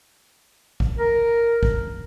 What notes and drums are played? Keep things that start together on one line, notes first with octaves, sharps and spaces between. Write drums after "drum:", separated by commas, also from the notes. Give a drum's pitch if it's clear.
drum: kick
A#4
drum: kick